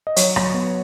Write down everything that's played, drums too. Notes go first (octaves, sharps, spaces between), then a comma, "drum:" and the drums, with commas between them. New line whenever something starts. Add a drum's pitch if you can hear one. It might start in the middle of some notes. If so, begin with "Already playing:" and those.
D#5
F#3 C#5, drum: hi-hat
F#3, drum: rim click
B3